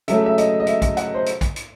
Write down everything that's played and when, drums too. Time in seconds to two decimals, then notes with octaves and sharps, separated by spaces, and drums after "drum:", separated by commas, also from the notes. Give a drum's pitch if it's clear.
0.08 C#3 F#3 A3 E5, drum: hi-hat
0.26 E5
0.38 D#5, drum: hi-hat
0.60 D#5
0.67 E5, drum: hi-hat
0.82 drum: kick, hi-hat
0.97 F#5, drum: hi-hat
1.14 C5
1.26 drum: hi-hat
1.41 drum: kick, hi-hat
1.56 drum: hi-hat